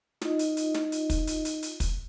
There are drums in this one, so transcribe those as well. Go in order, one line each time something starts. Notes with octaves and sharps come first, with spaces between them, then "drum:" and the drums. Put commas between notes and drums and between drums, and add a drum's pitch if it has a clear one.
D#4 F4 D#5, drum: snare
drum: hi-hat
drum: hi-hat
drum: snare
drum: hi-hat
drum: kick, hi-hat
drum: hi-hat
drum: hi-hat
drum: hi-hat
drum: kick, hi-hat